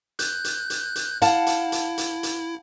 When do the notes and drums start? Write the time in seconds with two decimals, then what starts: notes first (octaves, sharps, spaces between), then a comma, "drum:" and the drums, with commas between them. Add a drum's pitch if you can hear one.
0.19 F#6 G6, drum: hi-hat
0.44 drum: hi-hat
0.70 drum: hi-hat
0.95 drum: hi-hat
1.22 E4 F5 F#5 A5, drum: hi-hat
1.47 drum: hi-hat
1.72 drum: hi-hat
1.98 drum: hi-hat
2.23 drum: hi-hat